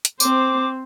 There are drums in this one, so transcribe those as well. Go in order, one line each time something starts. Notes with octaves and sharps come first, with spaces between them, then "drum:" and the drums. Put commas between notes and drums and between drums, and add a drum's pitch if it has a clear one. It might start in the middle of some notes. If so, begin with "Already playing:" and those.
drum: hi-hat
C4 C5 D6, drum: tambourine